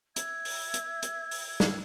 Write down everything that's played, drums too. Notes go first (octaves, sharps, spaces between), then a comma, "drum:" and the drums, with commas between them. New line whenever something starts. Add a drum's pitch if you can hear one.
E5 E6 G#6, drum: hi-hat
drum: open hi-hat
drum: hi-hat
drum: hi-hat
drum: open hi-hat
drum: snare